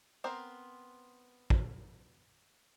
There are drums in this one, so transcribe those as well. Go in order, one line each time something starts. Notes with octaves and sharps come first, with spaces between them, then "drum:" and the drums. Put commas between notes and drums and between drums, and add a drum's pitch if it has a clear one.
B3 C4 A#4 C5
drum: kick A1